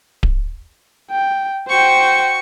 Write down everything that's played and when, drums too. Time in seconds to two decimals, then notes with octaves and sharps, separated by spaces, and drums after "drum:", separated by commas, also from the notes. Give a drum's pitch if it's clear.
0.23 drum: kick D1
1.11 G5
1.69 F#4 C5 G5 C#6